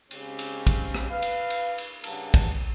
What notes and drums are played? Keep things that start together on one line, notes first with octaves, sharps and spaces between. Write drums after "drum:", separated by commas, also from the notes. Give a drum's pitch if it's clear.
C#3 G#3 C4 C#4 D#4 G4, drum: cymbal
drum: cymbal
drum: kick, cymbal
drum: rim click
B4 F5
drum: cymbal
drum: cymbal
drum: cymbal
G2 C#3 A#3 F#5 A5, drum: cymbal
drum: kick, cymbal